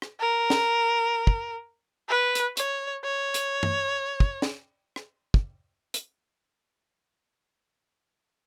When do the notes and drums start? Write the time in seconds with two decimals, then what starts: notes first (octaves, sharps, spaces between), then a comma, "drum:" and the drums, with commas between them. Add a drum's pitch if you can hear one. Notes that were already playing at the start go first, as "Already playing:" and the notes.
0.02 drum: rim click
0.20 A#4
0.50 drum: snare
1.27 drum: kick
2.09 B4
2.35 drum: hi-hat
2.57 C#5, drum: hi-hat
3.04 C#5
3.34 drum: hi-hat
3.63 drum: tom
4.20 drum: kick
4.42 drum: snare
4.96 drum: rim click
5.34 drum: kick
5.94 drum: hi-hat